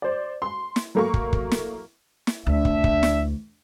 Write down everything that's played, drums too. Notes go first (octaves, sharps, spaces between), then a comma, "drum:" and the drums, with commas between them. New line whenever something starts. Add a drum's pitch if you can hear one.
C5 D5
C6
drum: snare
F#3 A3 A#3 A#5 C#6
drum: kick
drum: kick
drum: snare
drum: snare
D2 D4 E5
drum: kick
drum: kick
drum: snare